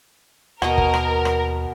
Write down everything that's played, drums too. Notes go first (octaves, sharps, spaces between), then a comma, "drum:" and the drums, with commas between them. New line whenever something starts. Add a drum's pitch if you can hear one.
D#2 B2 A#4 D#5 F#5 C#6, drum: rim click
drum: kick
drum: rim click
drum: rim click